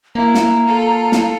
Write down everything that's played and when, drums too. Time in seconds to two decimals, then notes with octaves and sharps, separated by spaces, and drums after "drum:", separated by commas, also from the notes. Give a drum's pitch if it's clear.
0.15 A#3 E4 A#5
0.35 drum: snare
0.66 F4 A4
1.12 drum: snare